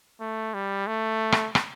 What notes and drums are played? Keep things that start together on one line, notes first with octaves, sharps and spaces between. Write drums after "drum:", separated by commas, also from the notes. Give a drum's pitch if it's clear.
A3
G3
A3
drum: rim click
drum: rim click